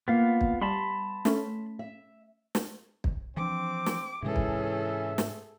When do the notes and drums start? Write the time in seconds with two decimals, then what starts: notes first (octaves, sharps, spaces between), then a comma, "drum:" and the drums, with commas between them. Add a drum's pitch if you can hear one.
0.08 A#3 B3 F4 F5
0.41 drum: kick
0.61 G3 B3 A5 B5 C6
1.25 A3 C#4, drum: snare
1.79 E5
2.55 drum: snare
3.04 drum: kick
3.37 E3 F3 C4 D4 D6
3.86 drum: snare
4.22 G#2 C3 E3 G#3 C#4 G#4 A4 E5
4.36 drum: kick
5.18 drum: snare